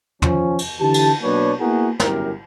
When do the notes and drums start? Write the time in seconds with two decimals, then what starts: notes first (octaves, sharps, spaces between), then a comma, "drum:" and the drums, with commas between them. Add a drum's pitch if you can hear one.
0.22 F3 C#4, drum: tom
0.59 drum: cymbal
0.79 D3 E3 G4 A5
0.94 drum: cymbal
1.22 B2 F#3 A#3 D4 B4 C#5
1.60 A#3 B3 E4 F#4 G#4 A#4
2.00 G1 F#2 E4 G4 A#4, drum: snare